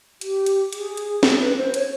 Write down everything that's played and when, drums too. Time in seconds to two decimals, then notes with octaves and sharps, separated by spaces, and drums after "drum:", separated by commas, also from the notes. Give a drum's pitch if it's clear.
0.21 G4, drum: hi-hat
0.46 drum: hi-hat
0.73 G#4, drum: hi-hat
0.97 drum: hi-hat
1.23 A4, drum: snare
1.40 B4
1.57 C5
1.74 C#5, drum: hi-hat